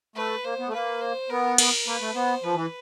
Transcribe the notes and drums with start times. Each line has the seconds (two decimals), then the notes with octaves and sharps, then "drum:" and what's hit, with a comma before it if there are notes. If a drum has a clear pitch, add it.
0.15 A3 B4
0.44 A#3 C5
0.59 B3
0.68 A3
0.73 A#3 B4
1.01 C5
1.30 B3 A#4
1.58 A#4, drum: cymbal
1.87 A#3 B4
2.01 A3
2.15 B3 C5
2.43 F3 B4
2.55 E3